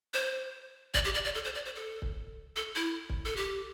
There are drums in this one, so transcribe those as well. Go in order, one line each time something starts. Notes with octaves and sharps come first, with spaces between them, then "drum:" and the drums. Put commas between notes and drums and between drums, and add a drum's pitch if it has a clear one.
C5
D5, drum: kick
G4
D5
D5
A4
C5
D5
C5
A4
drum: kick
A4
E4
drum: kick
A4
G4